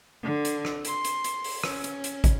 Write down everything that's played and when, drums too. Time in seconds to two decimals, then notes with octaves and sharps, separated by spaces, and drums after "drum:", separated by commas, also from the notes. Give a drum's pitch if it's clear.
0.22 D3
0.45 drum: hi-hat
0.65 drum: rim click
0.85 C6, drum: hi-hat
1.05 drum: hi-hat
1.24 drum: hi-hat
1.44 drum: open hi-hat
1.64 C#4, drum: rim click
1.84 drum: hi-hat
2.04 drum: hi-hat
2.24 drum: kick, hi-hat